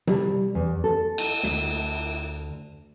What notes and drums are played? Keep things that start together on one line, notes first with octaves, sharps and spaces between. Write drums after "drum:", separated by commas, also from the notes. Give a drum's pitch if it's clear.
G3, drum: tom C3
E2
A4
drum: cymbal
D2, drum: snare